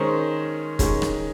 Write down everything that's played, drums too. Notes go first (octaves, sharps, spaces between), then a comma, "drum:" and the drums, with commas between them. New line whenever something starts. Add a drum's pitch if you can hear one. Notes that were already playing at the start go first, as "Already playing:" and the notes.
Already playing: D#3 G#3 C#4 C5
D#3 G#3 C#4, drum: kick, hi-hat
drum: rim click